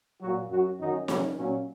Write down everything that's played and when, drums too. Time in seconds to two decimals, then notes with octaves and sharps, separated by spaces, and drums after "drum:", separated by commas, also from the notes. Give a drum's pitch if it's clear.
0.21 A#2 F#3 F#4
0.50 F#2 F#3 F#4
0.80 F#2 D#3 F#3 D#4
1.08 F#2 C#3 F#3 C#4, drum: snare
1.37 A#2 F#3 C#4